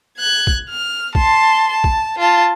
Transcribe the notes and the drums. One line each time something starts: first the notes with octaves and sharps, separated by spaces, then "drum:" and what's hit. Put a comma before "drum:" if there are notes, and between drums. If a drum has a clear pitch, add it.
F#6 G#6
drum: kick
F6
A5 C6, drum: kick
A5
drum: kick
F4 A5